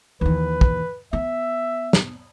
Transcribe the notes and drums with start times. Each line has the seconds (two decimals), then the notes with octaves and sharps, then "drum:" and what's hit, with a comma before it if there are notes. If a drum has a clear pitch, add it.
0.21 D#2 E3 B4
0.61 drum: kick
1.13 B3 E5
1.93 drum: snare